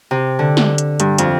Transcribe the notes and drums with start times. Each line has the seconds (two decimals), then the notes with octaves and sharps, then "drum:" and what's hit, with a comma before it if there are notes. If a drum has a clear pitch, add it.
0.11 C3
0.39 D3
0.57 drum: snare
0.78 drum: hi-hat
1.00 G2, drum: hi-hat
1.18 F2, drum: hi-hat